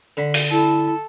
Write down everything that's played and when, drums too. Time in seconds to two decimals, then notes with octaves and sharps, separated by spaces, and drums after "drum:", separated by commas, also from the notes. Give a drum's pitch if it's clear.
0.17 D3 B5
0.34 drum: open hi-hat
0.51 E4 A4